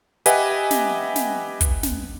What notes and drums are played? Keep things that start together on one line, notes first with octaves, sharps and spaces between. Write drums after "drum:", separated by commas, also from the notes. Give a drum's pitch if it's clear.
G4 B4 D#5 E5 F#5 G#5, drum: hi-hat
drum: snare
drum: snare
drum: kick, hi-hat
drum: snare